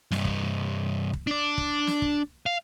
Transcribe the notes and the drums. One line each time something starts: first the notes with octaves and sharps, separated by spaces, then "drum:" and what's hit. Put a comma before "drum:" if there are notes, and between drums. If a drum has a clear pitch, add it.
C2 G2, drum: snare
drum: kick
drum: kick
D4 D5
drum: kick
drum: snare
drum: kick
F5